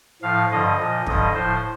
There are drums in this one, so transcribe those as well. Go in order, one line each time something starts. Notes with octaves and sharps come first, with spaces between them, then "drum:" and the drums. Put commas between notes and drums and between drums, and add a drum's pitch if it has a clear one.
A2 F3 F5
G2 D3 F3 D#5
A#2 F3
G2 D3 F3 D#5, drum: kick
A2 F3 C5